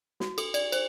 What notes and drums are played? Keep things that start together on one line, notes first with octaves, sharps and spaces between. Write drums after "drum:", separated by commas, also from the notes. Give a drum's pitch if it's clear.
F#4, drum: snare
A4, drum: cymbal
D5, drum: cymbal
C5, drum: cymbal